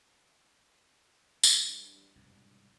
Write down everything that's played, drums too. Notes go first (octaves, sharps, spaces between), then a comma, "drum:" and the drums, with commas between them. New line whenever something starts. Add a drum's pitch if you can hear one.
E3 G3 D4 G4, drum: tambourine
C2 F2 G#2 B2